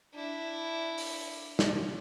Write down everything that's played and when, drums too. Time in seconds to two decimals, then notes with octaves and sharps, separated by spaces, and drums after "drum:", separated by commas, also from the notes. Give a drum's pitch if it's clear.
0.14 D4 E4
0.98 drum: open hi-hat
1.59 drum: snare